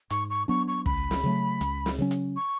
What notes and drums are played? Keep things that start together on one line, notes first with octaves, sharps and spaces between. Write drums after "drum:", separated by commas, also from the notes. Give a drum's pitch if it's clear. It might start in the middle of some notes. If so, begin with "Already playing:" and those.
G#2 C#6, drum: hi-hat
C#6
F#3 B3 D4 C#6
C#6
C#2 B5, drum: kick
drum: snare
C#3 F#3 A3
C#2, drum: hi-hat
drum: snare
C#3 F#3 C#4
drum: hi-hat
C#6